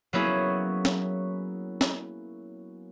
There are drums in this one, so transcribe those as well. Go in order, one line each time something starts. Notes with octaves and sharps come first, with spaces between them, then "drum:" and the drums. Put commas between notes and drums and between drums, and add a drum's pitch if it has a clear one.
F#3 A#3 B3 C#4 E4 G#4
drum: snare
drum: snare